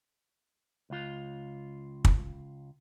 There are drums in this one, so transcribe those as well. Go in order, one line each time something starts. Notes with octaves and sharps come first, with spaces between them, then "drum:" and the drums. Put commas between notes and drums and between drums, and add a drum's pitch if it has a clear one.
C#2 F4
drum: kick